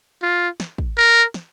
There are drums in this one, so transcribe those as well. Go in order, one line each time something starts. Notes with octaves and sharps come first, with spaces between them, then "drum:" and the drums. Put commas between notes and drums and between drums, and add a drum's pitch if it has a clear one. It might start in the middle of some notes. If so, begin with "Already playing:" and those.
F4
drum: snare
drum: kick
A#4
drum: snare